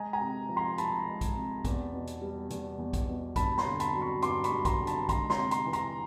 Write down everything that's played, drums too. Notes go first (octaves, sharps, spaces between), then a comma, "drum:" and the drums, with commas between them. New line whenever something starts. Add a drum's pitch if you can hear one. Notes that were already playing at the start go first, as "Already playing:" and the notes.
Already playing: G#3 G#5 A#5
G#5 A#5
C3
F3
A#5 C6
C2 A5 B5, drum: hi-hat
G#3
drum: kick, hi-hat
C3
E2, drum: kick, hi-hat
B2
drum: hi-hat
G3
E2, drum: hi-hat
E2
drum: kick, hi-hat
B2
G2 A5 B5, drum: kick, hi-hat
A#5 C6, drum: snare
D3
A5 B5, drum: hi-hat
F#3
B5 C#6
G2 C6 D6, drum: hi-hat
B5 C#6, drum: hi-hat
G2
A#5 C6, drum: kick, hi-hat
D3
A5 B5, drum: hi-hat
G#3 A#5 C6, drum: kick, hi-hat
A#5 C6, drum: snare
C3
A#5 C6, drum: hi-hat
E3
A#5 C6, drum: hi-hat